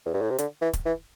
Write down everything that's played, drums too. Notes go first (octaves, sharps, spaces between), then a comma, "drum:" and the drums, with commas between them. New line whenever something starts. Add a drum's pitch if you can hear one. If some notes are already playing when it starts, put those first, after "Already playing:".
E2
G2
A2
C3
D3, drum: hi-hat
E3
drum: kick, hi-hat
E3